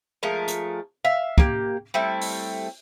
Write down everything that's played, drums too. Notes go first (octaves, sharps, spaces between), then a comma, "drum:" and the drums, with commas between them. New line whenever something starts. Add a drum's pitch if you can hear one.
F3 G#3 A3 A#4
drum: hi-hat
E5 F5
A#3 G4, drum: kick
G3 A3 C4 E4
drum: open hi-hat